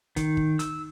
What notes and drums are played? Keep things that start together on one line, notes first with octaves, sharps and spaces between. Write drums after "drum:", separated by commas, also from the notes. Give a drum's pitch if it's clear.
D#3, drum: kick, hi-hat
drum: kick
E6, drum: hi-hat